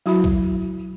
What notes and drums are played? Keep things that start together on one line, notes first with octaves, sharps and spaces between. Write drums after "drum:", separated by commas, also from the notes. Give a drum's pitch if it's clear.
F#3 E4 F#4 E5 B5, drum: tambourine
drum: kick A#1
drum: tambourine
drum: tambourine
drum: tambourine